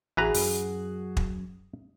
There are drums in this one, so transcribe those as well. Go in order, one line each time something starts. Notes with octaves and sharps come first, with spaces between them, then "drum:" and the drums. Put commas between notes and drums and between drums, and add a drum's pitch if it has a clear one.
A1 E3 F#4 G#4 B4 A#5
F#2, drum: open hi-hat
drum: kick